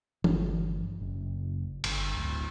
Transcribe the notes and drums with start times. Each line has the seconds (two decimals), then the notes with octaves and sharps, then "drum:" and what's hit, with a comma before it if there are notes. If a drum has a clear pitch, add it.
0.24 G1, drum: tom E3
1.01 F#1
1.84 G1, drum: cymbal
2.17 D1